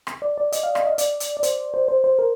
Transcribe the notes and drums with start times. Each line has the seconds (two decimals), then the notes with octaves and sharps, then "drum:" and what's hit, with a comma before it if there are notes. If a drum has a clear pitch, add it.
0.07 drum: rim click
0.22 D5
0.38 D5
0.52 D#5, drum: hi-hat
0.63 F5
0.75 F5, drum: rim click
0.87 D#5
0.98 D5, drum: hi-hat
1.20 drum: hi-hat
1.37 D5
1.43 C5, drum: hi-hat
1.74 C5
1.88 C5
2.04 C5
2.19 A#4